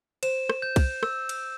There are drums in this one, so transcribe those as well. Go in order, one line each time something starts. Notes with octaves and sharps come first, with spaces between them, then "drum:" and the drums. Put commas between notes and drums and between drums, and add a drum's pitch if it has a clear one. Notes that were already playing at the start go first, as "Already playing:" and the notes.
C5 E7, drum: cymbal
drum: rim click
G6
drum: kick C2, cymbal
E6, drum: rim click
drum: cymbal